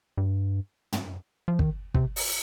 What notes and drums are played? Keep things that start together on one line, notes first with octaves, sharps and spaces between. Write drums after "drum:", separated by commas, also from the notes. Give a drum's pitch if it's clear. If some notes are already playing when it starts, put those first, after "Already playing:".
G2
drum: tom
F3
D#3, drum: kick
C3, drum: kick
drum: open hi-hat